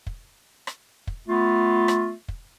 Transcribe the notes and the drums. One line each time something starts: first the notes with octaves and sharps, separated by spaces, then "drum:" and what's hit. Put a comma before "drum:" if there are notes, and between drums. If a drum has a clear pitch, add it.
drum: kick
drum: rim click
drum: kick
A3 B3 F4
drum: rim click
drum: kick